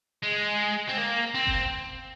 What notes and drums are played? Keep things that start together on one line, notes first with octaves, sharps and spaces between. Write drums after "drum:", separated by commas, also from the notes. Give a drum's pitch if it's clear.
G#3
C4
A#3
C4
drum: kick F#1